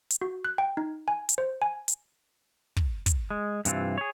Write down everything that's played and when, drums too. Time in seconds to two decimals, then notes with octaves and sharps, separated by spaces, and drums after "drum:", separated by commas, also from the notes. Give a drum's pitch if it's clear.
0.10 drum: hi-hat
0.22 F#4
0.45 F#6
0.58 G5
0.77 D#4
1.08 G#5
1.29 drum: hi-hat
1.38 C5
1.62 G#5
1.88 drum: hi-hat
2.77 drum: kick
3.06 drum: kick, hi-hat
3.30 G#3
3.65 G2 C3 E3 F4, drum: hi-hat
3.98 G#4 C#5